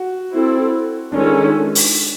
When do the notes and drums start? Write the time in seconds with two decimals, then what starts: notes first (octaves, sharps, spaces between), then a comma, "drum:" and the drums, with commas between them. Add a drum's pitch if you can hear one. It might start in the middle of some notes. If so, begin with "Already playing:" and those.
Already playing: F#4
0.32 C4 E4 A4
1.12 D#3 G#3 C#4 D4 F4 A4
1.75 drum: open hi-hat